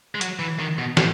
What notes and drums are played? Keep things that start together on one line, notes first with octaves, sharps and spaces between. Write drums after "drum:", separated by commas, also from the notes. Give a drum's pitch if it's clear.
G#3
F#3, drum: hi-hat
E3
D#3
B2
A2, drum: snare